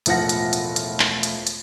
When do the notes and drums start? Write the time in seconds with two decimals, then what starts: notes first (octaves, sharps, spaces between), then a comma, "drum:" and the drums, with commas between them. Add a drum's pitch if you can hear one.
0.06 E1 A2 F3 F4 F#5 A#6, drum: hi-hat
0.29 drum: hi-hat
0.53 drum: hi-hat
0.76 drum: hi-hat
1.00 drum: clap
1.23 drum: hi-hat
1.47 drum: hi-hat